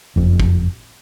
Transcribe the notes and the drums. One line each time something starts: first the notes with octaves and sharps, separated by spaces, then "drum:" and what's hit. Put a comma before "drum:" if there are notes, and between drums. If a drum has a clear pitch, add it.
F#1 F2
drum: kick